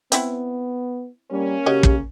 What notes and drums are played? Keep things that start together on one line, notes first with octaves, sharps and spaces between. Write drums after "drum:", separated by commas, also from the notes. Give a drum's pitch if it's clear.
B3 C4 E4 F#5, drum: hi-hat
G3 A#3 C#4
C#3 F#4 G4 C#5 D#5
drum: kick